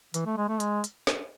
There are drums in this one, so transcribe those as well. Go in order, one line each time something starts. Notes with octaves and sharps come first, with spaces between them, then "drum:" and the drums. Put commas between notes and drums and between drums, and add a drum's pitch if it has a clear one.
E3, drum: hi-hat
A3
G#3
A3
G#3, drum: hi-hat
drum: hi-hat
drum: snare